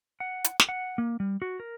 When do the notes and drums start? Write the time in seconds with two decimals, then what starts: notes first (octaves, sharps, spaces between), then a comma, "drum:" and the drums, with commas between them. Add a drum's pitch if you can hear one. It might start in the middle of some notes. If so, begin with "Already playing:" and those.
0.20 F#5
0.44 drum: hi-hat
0.60 drum: snare
0.69 F#5
0.98 A#3
1.20 G3
1.42 F#4
1.60 A#4